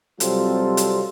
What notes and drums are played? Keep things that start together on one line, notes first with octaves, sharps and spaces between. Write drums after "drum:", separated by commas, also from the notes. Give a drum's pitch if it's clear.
C3 F#3 G3 C4 F4 A4, drum: hi-hat
drum: hi-hat